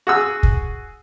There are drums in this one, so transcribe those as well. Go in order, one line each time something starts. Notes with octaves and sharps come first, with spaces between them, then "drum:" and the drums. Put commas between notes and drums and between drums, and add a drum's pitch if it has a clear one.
F#4 G#4 E6
drum: kick